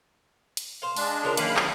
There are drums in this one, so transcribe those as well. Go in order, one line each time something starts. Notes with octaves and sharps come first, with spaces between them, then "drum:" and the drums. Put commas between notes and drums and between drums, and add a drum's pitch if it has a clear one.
drum: hi-hat
C5 F5
G#3 D4, drum: open hi-hat
C#3 F4 A#4
F#2 D#3 A#3 F5 B5, drum: hi-hat
B3, drum: clap